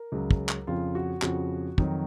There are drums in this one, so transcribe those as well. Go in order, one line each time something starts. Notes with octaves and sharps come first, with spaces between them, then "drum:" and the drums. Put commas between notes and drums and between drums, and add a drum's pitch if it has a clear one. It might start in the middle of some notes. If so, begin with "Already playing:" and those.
Already playing: A#4
C#2 C#3 F#3
drum: kick
drum: clap
F2 C#3 F3 F4
F#4
F2 C#3 F3 F#4, drum: clap
F2 D#3 F#3, drum: kick